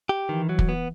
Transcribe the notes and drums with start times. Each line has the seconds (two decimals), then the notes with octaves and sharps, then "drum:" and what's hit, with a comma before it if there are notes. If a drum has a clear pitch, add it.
0.09 G4
0.29 D#3 E3
0.49 F#3
0.59 drum: kick
0.69 B3